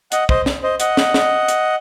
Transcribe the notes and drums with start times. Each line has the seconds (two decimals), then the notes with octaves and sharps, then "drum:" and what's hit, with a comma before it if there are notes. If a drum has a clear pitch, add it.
0.12 D#5 F#5, drum: hi-hat
0.29 C5 D#5, drum: kick
0.46 drum: snare
0.63 C5 D#5
0.80 D#5 F#5, drum: hi-hat
0.97 drum: snare
1.14 drum: snare
1.48 drum: hi-hat